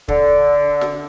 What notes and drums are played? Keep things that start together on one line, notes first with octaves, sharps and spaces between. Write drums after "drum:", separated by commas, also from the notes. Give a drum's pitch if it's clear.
D3, drum: kick
drum: snare